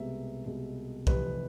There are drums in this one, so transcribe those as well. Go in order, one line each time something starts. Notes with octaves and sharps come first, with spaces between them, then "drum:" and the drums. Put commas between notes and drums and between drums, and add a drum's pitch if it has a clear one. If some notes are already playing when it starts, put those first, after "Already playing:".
Already playing: C2 B2 G#3 B3 E5
C2 B2 G#3 B3
F1 F2 C3 E3 B4, drum: kick B1